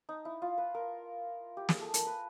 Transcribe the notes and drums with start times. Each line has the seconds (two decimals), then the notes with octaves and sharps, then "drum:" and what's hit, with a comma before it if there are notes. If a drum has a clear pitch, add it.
0.09 D#4
0.25 E4
0.42 F4
0.58 B4
0.74 A#4
1.57 G4
1.69 G#4, drum: snare
1.81 A4
1.94 A#4, drum: hi-hat
2.06 B4